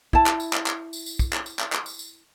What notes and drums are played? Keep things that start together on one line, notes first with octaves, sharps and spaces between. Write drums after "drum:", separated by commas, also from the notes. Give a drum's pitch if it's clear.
E4 A5, drum: kick
drum: clap
drum: tambourine
drum: clap
drum: clap
drum: tambourine
drum: tambourine
drum: kick, tambourine
drum: clap
drum: tambourine
drum: clap
drum: clap
drum: tambourine
drum: tambourine